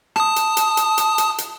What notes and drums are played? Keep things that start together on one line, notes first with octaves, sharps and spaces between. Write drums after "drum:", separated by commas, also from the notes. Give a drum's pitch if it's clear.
A5 D#6, drum: rim click
drum: hi-hat
drum: hi-hat
drum: hi-hat
drum: hi-hat
drum: hi-hat
drum: hi-hat